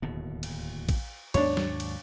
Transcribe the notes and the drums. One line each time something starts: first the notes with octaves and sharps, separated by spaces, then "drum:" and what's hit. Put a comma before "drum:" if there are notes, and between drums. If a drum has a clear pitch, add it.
D1 D#2 B2
drum: cymbal
drum: kick, cymbal
D#2 G#2 F#3 D4 C#5, drum: cymbal
drum: snare
drum: cymbal